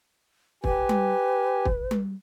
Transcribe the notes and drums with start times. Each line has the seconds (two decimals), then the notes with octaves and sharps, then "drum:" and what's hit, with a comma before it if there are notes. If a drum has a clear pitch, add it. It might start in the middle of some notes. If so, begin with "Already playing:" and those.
0.64 G4 B4 G#5, drum: kick
0.89 drum: tom G3
1.65 drum: kick
1.91 drum: tom G3